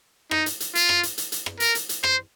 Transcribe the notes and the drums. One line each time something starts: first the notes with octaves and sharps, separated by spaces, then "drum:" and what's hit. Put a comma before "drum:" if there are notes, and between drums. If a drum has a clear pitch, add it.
D#4, drum: rim click
drum: hi-hat
drum: hi-hat
F4, drum: hi-hat
drum: rim click
drum: hi-hat
drum: hi-hat
drum: hi-hat
drum: rim click
A#4, drum: hi-hat
drum: hi-hat
drum: hi-hat
C5, drum: rim click